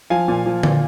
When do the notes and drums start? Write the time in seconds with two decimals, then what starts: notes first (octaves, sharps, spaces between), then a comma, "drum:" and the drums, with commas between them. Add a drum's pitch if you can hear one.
0.10 F3 F5 G#5
0.28 A#2
0.46 F3
0.63 A#2, drum: tom D3